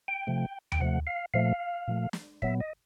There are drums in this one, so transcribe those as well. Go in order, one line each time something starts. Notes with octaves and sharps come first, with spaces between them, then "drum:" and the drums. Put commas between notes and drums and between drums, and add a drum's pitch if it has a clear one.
G5
C3 F3 A3
G5, drum: tom D#2
C3 F3 A3 F#5
F5
A#2 F3 A3 F5
A#2 F3 A3
drum: snare
A#2 F#3 B3 E5, drum: kick
D#5